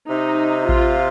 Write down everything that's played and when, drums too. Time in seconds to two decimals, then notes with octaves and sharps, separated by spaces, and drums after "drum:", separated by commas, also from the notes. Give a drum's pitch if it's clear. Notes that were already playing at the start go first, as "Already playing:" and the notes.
0.09 C3 D#4
0.69 F4, drum: kick A1